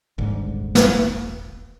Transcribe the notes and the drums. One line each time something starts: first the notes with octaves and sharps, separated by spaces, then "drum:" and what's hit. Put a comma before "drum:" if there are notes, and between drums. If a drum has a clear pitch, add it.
D#1 G#1 G#2 D3
drum: snare